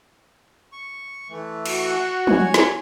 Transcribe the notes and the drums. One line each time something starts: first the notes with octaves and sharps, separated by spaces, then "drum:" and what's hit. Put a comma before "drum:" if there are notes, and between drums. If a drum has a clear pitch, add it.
C#6
E3 A3
F#4, drum: cymbal
C#5 G#5, drum: tom F3
drum: snare